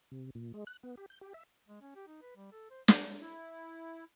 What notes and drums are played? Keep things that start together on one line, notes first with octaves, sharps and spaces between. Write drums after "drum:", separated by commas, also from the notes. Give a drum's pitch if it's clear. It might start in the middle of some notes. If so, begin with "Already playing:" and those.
C3
A#2
G#3
F#6
B3
G4
G6
G4
E5
G#3
C#4
G4
D#4
B4
G3
A4
C5
drum: snare
E4